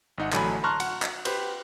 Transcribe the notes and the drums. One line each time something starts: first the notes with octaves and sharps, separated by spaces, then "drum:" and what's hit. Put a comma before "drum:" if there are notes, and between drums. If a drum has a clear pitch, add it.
G#1 D#4 F#5
A1 D3 F#3 A3 G#5 B5, drum: clap
A5 A#5 C6 C#6 F6 F#6
F#5, drum: cymbal
drum: clap
G4 B4 C5, drum: cymbal